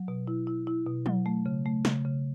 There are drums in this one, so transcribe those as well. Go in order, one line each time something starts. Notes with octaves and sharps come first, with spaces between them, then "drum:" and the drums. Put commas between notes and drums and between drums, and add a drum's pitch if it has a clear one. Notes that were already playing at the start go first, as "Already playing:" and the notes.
Already playing: F#3
B2
E4
E4
E4
B2
F#3, drum: tom
A3
C#3
A3
C#3, drum: snare
C#3